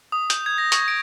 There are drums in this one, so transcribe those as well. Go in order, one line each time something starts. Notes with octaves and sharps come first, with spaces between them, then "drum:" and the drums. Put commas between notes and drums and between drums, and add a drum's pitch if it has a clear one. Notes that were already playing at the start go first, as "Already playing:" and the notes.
D#6
G6, drum: hi-hat
G#6
A#6
C#6, drum: hi-hat
D7